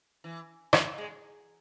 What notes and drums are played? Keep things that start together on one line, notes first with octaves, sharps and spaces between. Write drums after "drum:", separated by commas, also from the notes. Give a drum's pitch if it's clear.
E3
F#3, drum: rim click
G#3